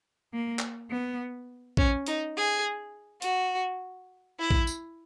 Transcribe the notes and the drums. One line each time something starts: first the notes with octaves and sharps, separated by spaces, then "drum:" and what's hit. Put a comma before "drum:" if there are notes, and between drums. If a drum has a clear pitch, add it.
A#3
drum: clap
B3
C#4, drum: kick A#1
D#4, drum: hi-hat
G#4
F#4, drum: hi-hat
E4
drum: kick A#1
drum: tambourine